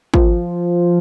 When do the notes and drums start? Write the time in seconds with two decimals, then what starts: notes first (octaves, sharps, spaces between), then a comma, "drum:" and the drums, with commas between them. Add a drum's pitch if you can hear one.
0.14 F3, drum: kick